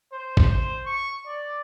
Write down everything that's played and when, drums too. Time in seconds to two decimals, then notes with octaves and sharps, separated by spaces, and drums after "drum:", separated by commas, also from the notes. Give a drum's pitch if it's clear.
0.12 C5
0.37 drum: kick
0.50 C5
0.86 C#6
1.27 D5